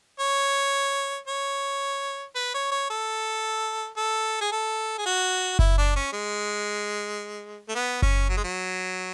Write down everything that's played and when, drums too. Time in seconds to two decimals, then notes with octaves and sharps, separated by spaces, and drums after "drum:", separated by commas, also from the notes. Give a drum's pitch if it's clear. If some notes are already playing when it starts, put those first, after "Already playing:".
0.20 C#5
1.28 C#5
2.35 B4
2.54 C#5
2.71 C#5
2.90 A4
3.97 A4
4.41 G#4
4.52 A4
4.98 G#4
5.06 F#4
5.59 E4, drum: kick F#1
5.78 D4
5.96 C#4
6.13 G#3
7.68 A3
7.75 B3
8.02 C#4, drum: kick F#1
8.29 F#3
8.37 G#3
8.44 F#3